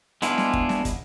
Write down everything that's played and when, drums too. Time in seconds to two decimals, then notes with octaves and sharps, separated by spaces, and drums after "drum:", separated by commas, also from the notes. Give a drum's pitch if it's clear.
0.22 G#3 B3 D4 E4 F4, drum: hi-hat
0.38 drum: snare
0.53 drum: kick
0.69 drum: snare
0.85 drum: kick, hi-hat